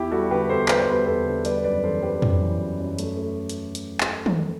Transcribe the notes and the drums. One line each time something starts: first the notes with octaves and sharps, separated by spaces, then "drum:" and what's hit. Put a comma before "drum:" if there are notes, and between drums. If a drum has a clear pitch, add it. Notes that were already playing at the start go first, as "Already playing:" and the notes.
Already playing: E2 E4 G4
G3 F#4 A4
D3 G4 B4
E2 A4 C5
G3 B4, drum: clap
C5
E2 G4 B4
E2 A4 C5
D3
G3 B4 D5, drum: hi-hat
F#2 B4 D5
E3 A4 C5
G3 G4 B4
F#2, drum: tom F2
E3
F#2
F#2
A3, drum: hi-hat
A3
drum: hi-hat
drum: hi-hat
drum: clap
drum: tom D#3